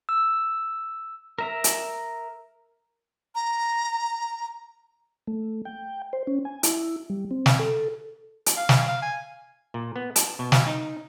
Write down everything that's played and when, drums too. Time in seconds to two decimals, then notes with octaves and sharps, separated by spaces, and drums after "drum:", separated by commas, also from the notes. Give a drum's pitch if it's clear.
0.09 E6
1.38 A#4 E5 A#5
1.64 drum: hi-hat
3.35 A#5
5.27 A3
5.65 G5
6.13 C5
6.27 C#4
6.45 G#5
6.63 E4, drum: hi-hat
7.10 G3
7.31 C4
7.46 drum: snare
7.59 A4
8.46 drum: hi-hat
8.57 F5
8.69 drum: snare
8.88 F5
9.02 G#5
9.74 A#2
9.96 B3
10.16 A5, drum: hi-hat
10.39 B2
10.52 drum: snare
10.67 D#4